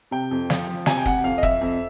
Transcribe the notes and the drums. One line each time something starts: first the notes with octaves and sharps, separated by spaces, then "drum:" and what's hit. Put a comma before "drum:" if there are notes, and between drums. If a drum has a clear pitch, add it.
C3 G5
F2
F3, drum: snare
F3
C3 G#5, drum: snare
G5
C3 F#5, drum: kick
F2 F5
D#5
F2 E5, drum: kick
F2